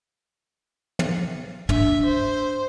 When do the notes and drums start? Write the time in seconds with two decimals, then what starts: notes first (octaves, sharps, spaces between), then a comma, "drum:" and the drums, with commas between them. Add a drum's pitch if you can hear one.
0.99 drum: tom
1.69 D4 E5, drum: tom
2.05 C5